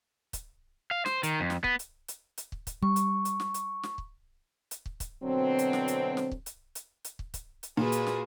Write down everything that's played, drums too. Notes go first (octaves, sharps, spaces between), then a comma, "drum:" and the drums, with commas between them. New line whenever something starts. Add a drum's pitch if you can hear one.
drum: kick, hi-hat
F5
C5, drum: snare
D#3, drum: hi-hat
F2
drum: snare
B3, drum: kick
drum: hi-hat
drum: hi-hat
drum: hi-hat
drum: kick
drum: kick, hi-hat
G3 C#6
drum: hi-hat
drum: hi-hat
drum: snare
drum: hi-hat
drum: snare
drum: kick
drum: hi-hat
drum: kick
drum: kick, hi-hat
B2 D3 F#3 C4
drum: hi-hat
drum: snare
drum: hi-hat
drum: snare
drum: kick
drum: hi-hat
drum: hi-hat
drum: hi-hat
drum: kick
drum: kick, hi-hat
drum: hi-hat
A#2 F#4 G#4 B4
drum: hi-hat
drum: snare